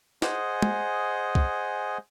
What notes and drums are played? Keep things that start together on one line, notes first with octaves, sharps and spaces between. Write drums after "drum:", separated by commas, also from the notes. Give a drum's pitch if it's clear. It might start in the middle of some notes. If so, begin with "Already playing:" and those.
G#4 C5 D#5 F#5 G#5, drum: snare
drum: tom
drum: kick C2